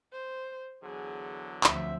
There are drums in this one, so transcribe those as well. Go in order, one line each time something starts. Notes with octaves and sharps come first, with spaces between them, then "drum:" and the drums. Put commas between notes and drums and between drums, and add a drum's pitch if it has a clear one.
C5
E2 D3 F#3 G#4
D2 F3 C4 E5, drum: clap